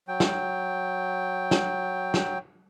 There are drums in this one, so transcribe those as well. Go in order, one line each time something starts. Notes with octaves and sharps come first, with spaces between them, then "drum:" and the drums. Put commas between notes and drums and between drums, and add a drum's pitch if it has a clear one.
F#3 G5
drum: snare
drum: snare
drum: snare